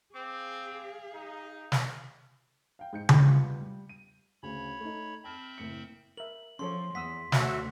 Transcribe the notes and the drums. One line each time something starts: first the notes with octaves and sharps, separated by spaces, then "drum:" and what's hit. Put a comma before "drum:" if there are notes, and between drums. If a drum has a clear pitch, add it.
C4 G#4 F5 D6
D#4
drum: snare
F5 G5
G#2 G6 C#7
E1 E3 G#3 C#4 B5, drum: tom C#3
G3 B3 F4
G3
D#7
D2 C#3 C#5 B5
A3 D#4
C4 E5 A5 B5 F6
F#1 A2 C#7
A#4 E5 F#7
F3 C#4 A4 C#5 C6
E2 F#5 D#6 E6 B6
D2 F#4 C#5 E5, drum: snare